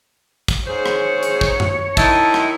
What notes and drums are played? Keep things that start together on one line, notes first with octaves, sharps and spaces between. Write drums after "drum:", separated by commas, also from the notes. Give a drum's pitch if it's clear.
drum: kick, hi-hat
G#2 G#4 C5 C#5
drum: rim click
drum: hi-hat
drum: kick
drum: tom F#2
D#3 D#4 E4 A5, drum: kick, hi-hat
drum: rim click